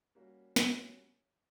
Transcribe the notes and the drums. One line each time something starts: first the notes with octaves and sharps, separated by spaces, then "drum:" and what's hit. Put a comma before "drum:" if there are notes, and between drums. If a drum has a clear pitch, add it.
G3 A#3 C#4 F#4
G3 A#3 C#4 F#4, drum: snare